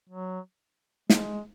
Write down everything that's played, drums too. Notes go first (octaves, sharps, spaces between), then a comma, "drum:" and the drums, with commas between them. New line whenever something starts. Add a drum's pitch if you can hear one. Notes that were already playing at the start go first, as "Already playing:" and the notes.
F#3
G#3, drum: snare